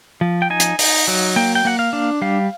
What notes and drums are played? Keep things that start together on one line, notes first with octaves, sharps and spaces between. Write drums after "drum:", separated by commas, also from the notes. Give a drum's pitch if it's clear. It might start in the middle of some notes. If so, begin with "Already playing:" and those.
F3
G5
D#4 G#5
drum: hi-hat
D#4, drum: open hi-hat
F#3
A#3 G5
G5
A#3 F#5
F5
D4
G3 F5